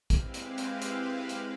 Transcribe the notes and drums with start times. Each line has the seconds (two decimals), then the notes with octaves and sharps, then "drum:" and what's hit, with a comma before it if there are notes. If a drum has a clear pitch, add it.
0.10 G#3 C4 E4 G4 B4 F5, drum: kick, hi-hat
0.34 drum: hi-hat
0.58 drum: hi-hat
0.82 drum: hi-hat
1.29 drum: hi-hat